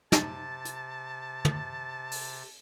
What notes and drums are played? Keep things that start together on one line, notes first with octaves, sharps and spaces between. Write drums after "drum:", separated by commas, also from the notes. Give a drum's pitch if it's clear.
C3 A5 A6, drum: snare
drum: hi-hat
drum: tom
drum: open hi-hat